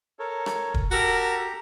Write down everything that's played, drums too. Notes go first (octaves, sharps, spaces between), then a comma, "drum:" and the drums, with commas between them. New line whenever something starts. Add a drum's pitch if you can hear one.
A4 A#4 C#5
drum: rim click
drum: kick
F#4 G4 A4 A#4 A#5